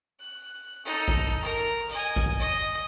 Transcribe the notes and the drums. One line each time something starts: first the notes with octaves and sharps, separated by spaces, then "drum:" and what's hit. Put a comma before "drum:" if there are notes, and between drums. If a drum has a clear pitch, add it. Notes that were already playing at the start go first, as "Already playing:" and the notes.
F#6
D#4 A4
drum: kick G#1
A#4
D#5 G#5, drum: hi-hat
drum: kick G#1
D#5